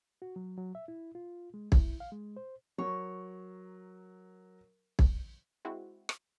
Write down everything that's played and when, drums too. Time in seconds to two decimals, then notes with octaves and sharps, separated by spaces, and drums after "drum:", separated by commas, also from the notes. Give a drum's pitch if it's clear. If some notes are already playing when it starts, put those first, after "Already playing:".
0.22 F#4
0.36 F#3
0.58 F#3
0.75 E5
0.88 E4
1.15 F4
1.54 G#3
1.72 E4, drum: kick
2.00 F5
2.12 G#3
2.37 C5
2.78 F#3 A#4 C#5
4.99 drum: kick
5.65 G#3 C4 E4 F#4
6.09 drum: rim click